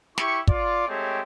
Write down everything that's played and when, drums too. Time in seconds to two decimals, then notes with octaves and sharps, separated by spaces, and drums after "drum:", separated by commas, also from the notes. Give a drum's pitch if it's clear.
0.18 E4 G4 C#6, drum: snare
0.47 F4 D5, drum: kick
0.88 G#3 A3 C4 G4 C#5